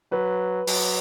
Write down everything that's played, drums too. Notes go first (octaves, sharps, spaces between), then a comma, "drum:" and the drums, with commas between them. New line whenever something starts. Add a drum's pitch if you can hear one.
F#3 B4
F#3, drum: open hi-hat